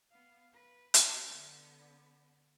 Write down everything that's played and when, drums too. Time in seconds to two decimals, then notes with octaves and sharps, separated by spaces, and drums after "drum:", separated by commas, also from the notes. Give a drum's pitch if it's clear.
0.11 B3 F5
0.53 B4
0.94 drum: hi-hat
1.25 D3 B3